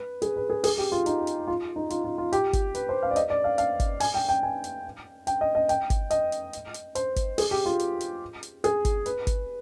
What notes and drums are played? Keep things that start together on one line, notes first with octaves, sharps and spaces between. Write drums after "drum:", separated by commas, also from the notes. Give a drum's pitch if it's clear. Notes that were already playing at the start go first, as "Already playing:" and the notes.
Already playing: B4
G#4, drum: hi-hat
B4
G#4
G#4, drum: open hi-hat
G4
F4
D#4, drum: hi-hat
drum: hi-hat
F4
D#4
F4, drum: hi-hat
F4
F4
G4, drum: hi-hat
drum: kick G1, hi-hat
B4, drum: hi-hat
C5
F5
D5
D#5, drum: hi-hat
D5
F5
F5, drum: hi-hat
drum: kick G1, hi-hat
G#5, drum: open hi-hat
G5
G5
G#5
drum: hi-hat
G5, drum: hi-hat
D#5
D#5
G5, drum: hi-hat
drum: kick G1, hi-hat
D#5, drum: hi-hat
drum: hi-hat
drum: hi-hat
drum: hi-hat
C5, drum: hi-hat
drum: kick G1, hi-hat
G#4, drum: open hi-hat
G4
F4
drum: hi-hat
drum: hi-hat
drum: hi-hat
G#4, drum: hi-hat
drum: kick G1, hi-hat
B4, drum: hi-hat
drum: kick G1, hi-hat